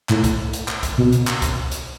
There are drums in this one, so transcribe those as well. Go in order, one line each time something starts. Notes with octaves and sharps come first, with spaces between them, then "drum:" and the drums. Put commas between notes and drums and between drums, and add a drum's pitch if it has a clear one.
A2, drum: clap
drum: kick C2, hi-hat
drum: hi-hat
drum: clap
drum: kick C2, hi-hat
B2
drum: hi-hat
drum: clap
drum: kick C2, hi-hat
drum: hi-hat